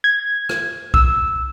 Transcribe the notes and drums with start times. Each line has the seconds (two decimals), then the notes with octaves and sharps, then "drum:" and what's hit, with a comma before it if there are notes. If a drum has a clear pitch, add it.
0.04 G#6
0.49 drum: rim click
0.94 E6, drum: kick B1